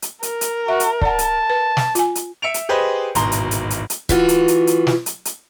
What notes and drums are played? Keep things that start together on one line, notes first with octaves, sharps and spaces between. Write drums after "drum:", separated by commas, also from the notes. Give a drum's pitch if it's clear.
drum: hi-hat
A#4, drum: hi-hat
drum: hi-hat
F#4 E5
drum: hi-hat
D5 F#5 A5, drum: kick
drum: hi-hat
B4
drum: snare
F4 G#5, drum: hi-hat
drum: hi-hat
E5 C#7 D7 F7
drum: hi-hat
G4 G#4 B4 C5 D#5
D1 G#1 B2 A#5 C6, drum: hi-hat
drum: hi-hat
drum: hi-hat
drum: hi-hat
drum: hi-hat
E3 F4 F#4, drum: kick, hi-hat
drum: hi-hat
drum: hi-hat
drum: hi-hat
drum: snare
drum: hi-hat
drum: hi-hat